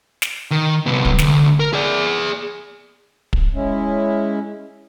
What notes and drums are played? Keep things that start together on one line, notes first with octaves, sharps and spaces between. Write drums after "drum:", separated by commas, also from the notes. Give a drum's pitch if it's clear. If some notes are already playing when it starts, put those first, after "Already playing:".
drum: snare
D#3
C2 B3
drum: kick
D2, drum: snare
A#4
G#4 D5
drum: kick
G#3 C#4 E4